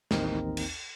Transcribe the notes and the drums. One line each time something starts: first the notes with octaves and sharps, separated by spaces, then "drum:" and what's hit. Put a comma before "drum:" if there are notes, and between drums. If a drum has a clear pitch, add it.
A1 D#2 C4 D#4 A#4, drum: snare
drum: cymbal